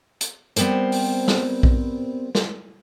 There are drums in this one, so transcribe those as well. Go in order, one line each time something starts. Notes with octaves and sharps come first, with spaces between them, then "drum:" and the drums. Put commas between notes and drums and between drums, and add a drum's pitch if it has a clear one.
drum: hi-hat
G3 B3 C4 A#4 C5, drum: hi-hat
drum: open hi-hat
drum: snare
drum: kick A#1
drum: snare